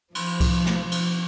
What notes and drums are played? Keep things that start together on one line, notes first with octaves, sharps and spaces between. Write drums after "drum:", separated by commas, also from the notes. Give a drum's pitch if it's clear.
F3, drum: cymbal
drum: kick C2, cymbal
drum: snare
drum: cymbal